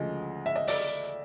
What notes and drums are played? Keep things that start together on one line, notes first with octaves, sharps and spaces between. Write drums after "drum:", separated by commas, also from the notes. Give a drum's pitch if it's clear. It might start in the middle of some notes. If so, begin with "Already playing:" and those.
Already playing: D2 C#3 F3 G#3 D#5
E5
D#5
D5, drum: open hi-hat